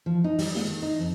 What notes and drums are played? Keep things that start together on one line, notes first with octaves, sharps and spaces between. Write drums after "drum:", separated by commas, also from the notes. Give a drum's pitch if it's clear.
F3
D#4
G3, drum: open hi-hat
G#3, drum: snare
D#3
D#4
F2